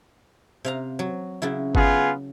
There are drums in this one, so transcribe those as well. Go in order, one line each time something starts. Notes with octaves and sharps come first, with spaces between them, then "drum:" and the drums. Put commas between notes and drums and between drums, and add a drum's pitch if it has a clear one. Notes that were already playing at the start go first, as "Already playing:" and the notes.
C3 F5 A#5
F#3
C#3 F#3 E4
B3 F4 G#4, drum: kick G1